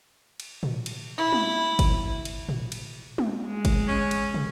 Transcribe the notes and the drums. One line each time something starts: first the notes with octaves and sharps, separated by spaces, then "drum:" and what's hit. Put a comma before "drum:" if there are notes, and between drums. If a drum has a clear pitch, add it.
drum: cymbal
drum: tom
drum: cymbal
E4
drum: tom
drum: kick G1, cymbal
drum: cymbal
drum: tom
drum: cymbal
drum: tom
G#3
drum: kick G1, cymbal
C#4
drum: cymbal
drum: tom